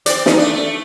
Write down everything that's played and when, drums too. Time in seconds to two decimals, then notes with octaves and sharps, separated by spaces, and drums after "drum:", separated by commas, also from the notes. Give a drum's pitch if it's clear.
0.06 C4 D5, drum: hi-hat
0.26 E2 D#4, drum: snare
0.38 A3 D4
0.53 A3